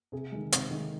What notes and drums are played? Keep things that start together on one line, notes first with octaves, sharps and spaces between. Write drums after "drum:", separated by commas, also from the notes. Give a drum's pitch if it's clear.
C3 G#4
D#3 G#3
C3, drum: hi-hat
D#3 G#3